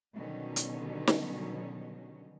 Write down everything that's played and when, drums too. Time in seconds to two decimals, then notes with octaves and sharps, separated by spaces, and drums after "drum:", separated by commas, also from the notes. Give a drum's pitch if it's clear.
0.15 B2 D3 D#3 F#3 G3 C#4
0.56 drum: hi-hat
1.07 drum: snare